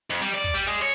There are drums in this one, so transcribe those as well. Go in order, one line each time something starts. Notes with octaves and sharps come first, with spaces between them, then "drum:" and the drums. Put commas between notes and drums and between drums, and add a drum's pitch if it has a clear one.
F2
G3, drum: hi-hat
D5
drum: kick, hi-hat
G3
G#3, drum: hi-hat
C#5